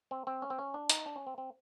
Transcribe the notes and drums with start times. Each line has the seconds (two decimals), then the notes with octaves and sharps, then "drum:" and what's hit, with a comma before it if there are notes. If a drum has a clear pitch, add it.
0.11 C4
0.27 C4
0.42 C#4
0.50 C4
0.59 C#4
0.74 D4
0.90 D#4, drum: hi-hat
1.06 D4
1.16 C#4
1.27 C4
1.38 C4